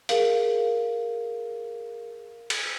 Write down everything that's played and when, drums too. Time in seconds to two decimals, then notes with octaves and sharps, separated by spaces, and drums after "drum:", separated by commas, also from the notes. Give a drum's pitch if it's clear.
0.09 G#4 A#4 F5, drum: hi-hat
2.50 drum: cymbal